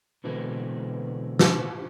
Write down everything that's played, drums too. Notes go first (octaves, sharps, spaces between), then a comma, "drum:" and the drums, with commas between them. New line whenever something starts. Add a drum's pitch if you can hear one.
B2 D3 E3 G#3 C4
drum: snare